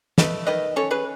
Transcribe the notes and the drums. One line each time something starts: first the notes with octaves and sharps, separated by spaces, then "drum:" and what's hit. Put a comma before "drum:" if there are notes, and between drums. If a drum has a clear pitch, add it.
A3 B4 D#5, drum: snare
D#3 B4 D#5
C#4 A4 C#5
G#4 B4